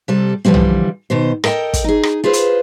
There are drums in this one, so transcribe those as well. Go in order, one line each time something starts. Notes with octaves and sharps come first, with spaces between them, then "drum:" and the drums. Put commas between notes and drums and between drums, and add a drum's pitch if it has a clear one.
C3 G3 A4
D3 E3 F3 G3 C4
drum: tom B1
B2 D#3 C5
A4 A#4 D#5 F#5 G5, drum: rim click
drum: kick, hi-hat
D#4 G#4
drum: rim click
F4 G#4 B4 C5
drum: hi-hat